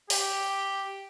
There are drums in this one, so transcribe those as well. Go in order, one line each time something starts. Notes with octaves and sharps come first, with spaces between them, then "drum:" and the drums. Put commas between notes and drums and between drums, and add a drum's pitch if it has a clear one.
G4, drum: open hi-hat